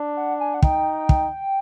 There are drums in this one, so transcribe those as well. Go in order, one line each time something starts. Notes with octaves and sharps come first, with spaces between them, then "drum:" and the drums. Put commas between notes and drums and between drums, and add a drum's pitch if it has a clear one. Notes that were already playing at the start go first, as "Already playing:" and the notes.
Already playing: D4
F#5
G#5
F#5
D#4 G5, drum: kick
drum: kick